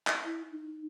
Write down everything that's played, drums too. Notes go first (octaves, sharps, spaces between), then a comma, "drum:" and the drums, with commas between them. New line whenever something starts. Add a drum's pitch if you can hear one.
drum: clap
E4
D#4